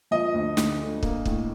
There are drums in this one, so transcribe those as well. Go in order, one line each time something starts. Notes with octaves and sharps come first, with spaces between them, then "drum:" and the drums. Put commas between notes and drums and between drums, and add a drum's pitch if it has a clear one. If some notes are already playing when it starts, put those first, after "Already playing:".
F3 D#5
D2
D2, drum: snare
D3
A#3, drum: kick
A2, drum: kick